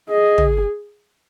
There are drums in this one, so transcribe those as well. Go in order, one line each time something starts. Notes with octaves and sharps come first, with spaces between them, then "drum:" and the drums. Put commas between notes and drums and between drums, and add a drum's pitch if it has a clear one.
G#4 D#5
drum: tom